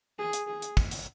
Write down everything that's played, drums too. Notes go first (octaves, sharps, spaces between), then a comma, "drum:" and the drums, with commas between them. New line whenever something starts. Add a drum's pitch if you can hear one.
G#4
drum: hi-hat
G#4
drum: hi-hat
drum: kick
drum: hi-hat